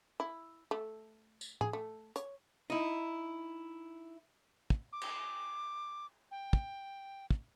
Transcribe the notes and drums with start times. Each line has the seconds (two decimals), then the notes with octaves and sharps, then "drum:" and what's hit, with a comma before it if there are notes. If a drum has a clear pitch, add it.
0.20 E4
0.71 A3
1.41 drum: tambourine
1.61 G#4, drum: tom A2
1.73 A3
2.16 C#5, drum: hi-hat
2.70 D#4 E4
4.70 drum: kick
4.92 D6
5.02 drum: cymbal
6.31 G5
6.53 drum: kick
7.30 drum: kick